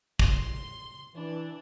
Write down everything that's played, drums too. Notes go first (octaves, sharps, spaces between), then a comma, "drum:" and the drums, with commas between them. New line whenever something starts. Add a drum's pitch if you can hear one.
C6, drum: kick
E3 D4